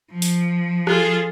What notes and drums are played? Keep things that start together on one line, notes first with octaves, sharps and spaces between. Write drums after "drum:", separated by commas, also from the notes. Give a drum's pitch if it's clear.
F3
drum: open hi-hat
F4 G#4 A4, drum: rim click